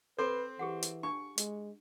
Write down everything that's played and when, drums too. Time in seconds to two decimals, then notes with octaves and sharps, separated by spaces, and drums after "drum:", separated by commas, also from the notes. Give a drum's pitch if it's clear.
0.19 C4 A4 B4 C5
0.59 E3 G4 G#4 F#5
0.82 drum: hi-hat
1.03 D4 C#6
1.38 G#3, drum: hi-hat